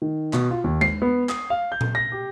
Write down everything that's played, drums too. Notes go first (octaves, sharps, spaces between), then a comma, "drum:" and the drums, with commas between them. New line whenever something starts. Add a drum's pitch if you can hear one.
D#3
B2, drum: clap
F4
D#2
C7, drum: tom G#3
B3
D#6, drum: clap
F5
G6
drum: tom A#2
A#6
G4